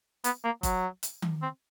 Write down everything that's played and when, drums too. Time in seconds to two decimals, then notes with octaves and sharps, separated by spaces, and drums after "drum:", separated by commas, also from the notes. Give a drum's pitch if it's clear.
0.24 B3, drum: hi-hat
0.44 A#3
0.63 F#3, drum: kick, hi-hat
1.03 drum: hi-hat
1.22 drum: tom D#3
1.42 C4